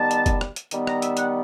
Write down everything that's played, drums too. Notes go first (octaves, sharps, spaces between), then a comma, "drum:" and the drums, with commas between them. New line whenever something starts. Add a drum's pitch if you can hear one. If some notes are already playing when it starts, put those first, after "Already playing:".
Already playing: D#3 G3 B3 A5
drum: hi-hat
drum: kick, hi-hat
drum: rim click
drum: hi-hat
D#3 G3 B3, drum: hi-hat
A#5, drum: rim click
E5, drum: hi-hat
F#5, drum: hi-hat